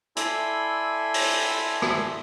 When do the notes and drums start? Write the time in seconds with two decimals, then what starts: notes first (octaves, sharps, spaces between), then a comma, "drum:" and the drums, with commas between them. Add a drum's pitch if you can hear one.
0.16 E4 A4 D5 G#5 B5 C6, drum: hi-hat
1.14 drum: open hi-hat
1.82 drum: rim click